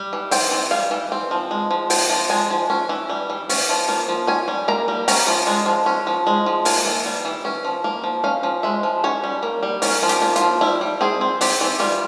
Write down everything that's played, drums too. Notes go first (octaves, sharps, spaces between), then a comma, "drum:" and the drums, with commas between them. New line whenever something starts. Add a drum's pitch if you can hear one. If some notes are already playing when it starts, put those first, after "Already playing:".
Already playing: G3
E3
C4 G5, drum: open hi-hat
E3
G3 F5
E3
C4
F3
G#3
F3
C4 G5, drum: open hi-hat
F3
G#3 G#5
F3
C#4
E3
G3
E3
C#4, drum: open hi-hat
F3
A#3
F3
C#4 G#5
G3
A#3 A#5
G3
C#4 A#5, drum: open hi-hat
F3
G#3
F3
C#4
F3
G#3
F3
A#3 G#5, drum: open hi-hat
E3
G3
E3
C#4
F3
A#3
F3
C#4 F5
F3
G#3 E5
F3
C#4 C#5
G3
A#3
G3
C#4 A#4, drum: open hi-hat
F3
G4, drum: hi-hat
A#3
F4, drum: hi-hat
F3
G3 E4
G3
C4 G#4
C4
C4 G4, drum: open hi-hat
E3
G3 F4